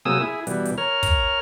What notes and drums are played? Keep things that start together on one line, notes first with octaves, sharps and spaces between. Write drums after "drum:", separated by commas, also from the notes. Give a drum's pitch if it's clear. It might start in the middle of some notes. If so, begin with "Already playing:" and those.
C3 F#3 A#3 G#4 D#6 E6
E4 G#4
B2 E3 G3, drum: hi-hat
drum: hi-hat
A#4 C#5 F6
drum: kick, hi-hat